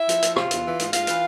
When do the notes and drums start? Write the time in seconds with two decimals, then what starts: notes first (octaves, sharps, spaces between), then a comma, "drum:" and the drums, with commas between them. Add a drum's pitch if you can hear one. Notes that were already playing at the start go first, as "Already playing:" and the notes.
Already playing: E4 E5
0.09 F3, drum: hi-hat
0.22 F3, drum: hi-hat
0.36 C3 F4 F5, drum: rim click
0.51 E2, drum: hi-hat
0.64 E3
0.79 G#2, drum: hi-hat
0.93 G#2 F4 F5, drum: hi-hat
1.07 E3, drum: hi-hat